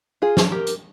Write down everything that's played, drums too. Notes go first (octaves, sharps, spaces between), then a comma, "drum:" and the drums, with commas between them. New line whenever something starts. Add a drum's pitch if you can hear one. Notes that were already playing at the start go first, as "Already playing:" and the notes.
F4 G#4
drum: snare
G4 A#4
drum: hi-hat